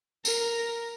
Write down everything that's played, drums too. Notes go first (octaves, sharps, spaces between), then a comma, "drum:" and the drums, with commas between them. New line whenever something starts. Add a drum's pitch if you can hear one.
A#4, drum: tambourine